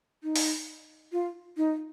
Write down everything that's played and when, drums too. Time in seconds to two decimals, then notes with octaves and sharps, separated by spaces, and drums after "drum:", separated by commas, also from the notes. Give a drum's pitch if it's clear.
0.24 D#4
0.36 drum: open hi-hat
1.12 F4
1.57 D#4